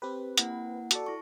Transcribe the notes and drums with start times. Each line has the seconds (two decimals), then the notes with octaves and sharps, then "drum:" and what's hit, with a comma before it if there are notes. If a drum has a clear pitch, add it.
0.02 C4 G4 B4
0.37 A#3 E4 F#5, drum: hi-hat
0.91 F#4 A4 D5 A5 C#7, drum: hi-hat
1.06 E4 C#6